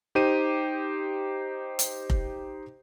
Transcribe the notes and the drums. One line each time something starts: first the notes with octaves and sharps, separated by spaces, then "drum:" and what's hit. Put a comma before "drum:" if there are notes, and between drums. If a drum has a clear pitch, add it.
D#4 G4 C5 D#7
drum: hi-hat
drum: kick F1